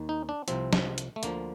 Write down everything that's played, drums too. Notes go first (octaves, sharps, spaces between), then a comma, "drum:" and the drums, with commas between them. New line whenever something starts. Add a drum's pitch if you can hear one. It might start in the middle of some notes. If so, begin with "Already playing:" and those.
Already playing: D#2 D#3
D#4
D4
C2 C3 F3 C4, drum: hi-hat
drum: snare
drum: hi-hat
A3
D2 D3 F3 A#3, drum: hi-hat